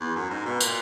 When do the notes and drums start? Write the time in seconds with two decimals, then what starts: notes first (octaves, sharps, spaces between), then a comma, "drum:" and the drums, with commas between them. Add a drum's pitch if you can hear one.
0.01 E2
0.16 F#2
0.30 G#2
0.46 B2
0.60 A#2, drum: tambourine